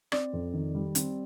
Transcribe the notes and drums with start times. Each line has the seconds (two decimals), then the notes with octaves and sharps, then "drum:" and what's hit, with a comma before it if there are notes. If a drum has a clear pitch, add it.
0.12 C4 D5, drum: rim click
0.33 F2
0.53 D#3
0.75 G3
0.95 C4, drum: hi-hat